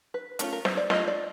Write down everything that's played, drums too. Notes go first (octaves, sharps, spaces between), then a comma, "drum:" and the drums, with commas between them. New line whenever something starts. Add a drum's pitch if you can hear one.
B4
A3 C#4 F4 A#4, drum: hi-hat
A#4
C5, drum: snare
D5
A3 C#4 F4 D#5, drum: snare
D5